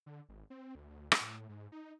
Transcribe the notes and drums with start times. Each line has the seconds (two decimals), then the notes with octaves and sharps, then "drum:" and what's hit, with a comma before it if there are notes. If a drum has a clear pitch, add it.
0.06 D3
0.29 G#1
0.50 C4
0.75 D2
0.90 D2
1.12 drum: rim click
1.21 A2
1.49 G#2
1.72 D#4